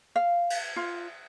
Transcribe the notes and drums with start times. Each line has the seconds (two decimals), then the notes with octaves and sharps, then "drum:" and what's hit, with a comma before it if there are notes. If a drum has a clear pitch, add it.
0.16 F5
0.50 drum: cymbal
0.76 F4